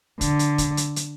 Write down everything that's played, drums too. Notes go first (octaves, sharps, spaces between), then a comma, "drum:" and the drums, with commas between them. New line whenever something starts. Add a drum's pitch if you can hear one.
D3, drum: kick, hi-hat
drum: hi-hat
drum: kick, hi-hat
drum: hi-hat
drum: hi-hat